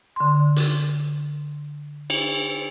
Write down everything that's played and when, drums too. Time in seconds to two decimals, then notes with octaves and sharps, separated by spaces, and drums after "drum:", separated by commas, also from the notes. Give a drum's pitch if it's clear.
0.16 D3 C6
0.56 drum: hi-hat
2.10 drum: cymbal